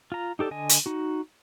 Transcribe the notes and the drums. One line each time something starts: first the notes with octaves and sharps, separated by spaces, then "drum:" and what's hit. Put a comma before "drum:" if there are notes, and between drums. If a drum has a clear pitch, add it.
F4 A#5
D#4 G4 A4 D5
D3 D#5 G#5
drum: hi-hat
D#4 F#4